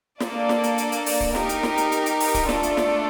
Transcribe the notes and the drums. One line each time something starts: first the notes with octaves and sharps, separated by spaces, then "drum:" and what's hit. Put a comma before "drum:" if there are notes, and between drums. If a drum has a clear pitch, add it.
A#3 D4 A4 D5, drum: snare
drum: snare
drum: hi-hat
drum: hi-hat
drum: hi-hat
drum: open hi-hat
drum: kick C#1
D#4 G4 A#4, drum: snare
drum: hi-hat
drum: snare
drum: hi-hat
drum: hi-hat
drum: hi-hat
drum: open hi-hat
drum: kick C#1, hi-hat
A3 D4 F4 A4 D5, drum: snare
drum: hi-hat
drum: snare